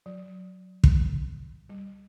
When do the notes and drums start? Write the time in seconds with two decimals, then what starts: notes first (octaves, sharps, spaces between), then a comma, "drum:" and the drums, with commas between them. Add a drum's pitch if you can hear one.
0.06 F#3
0.84 drum: kick
1.69 G3